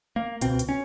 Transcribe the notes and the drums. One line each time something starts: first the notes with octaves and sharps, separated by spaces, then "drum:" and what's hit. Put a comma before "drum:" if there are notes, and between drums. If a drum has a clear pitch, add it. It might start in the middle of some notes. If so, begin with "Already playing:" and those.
A#3
C#2 B2 C4, drum: hi-hat
drum: hi-hat
C#4